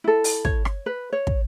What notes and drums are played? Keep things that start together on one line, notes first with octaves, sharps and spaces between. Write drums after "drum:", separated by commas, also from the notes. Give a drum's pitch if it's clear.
E4 A4
drum: open hi-hat
C#5, drum: kick
drum: rim click
B4
C#5
drum: kick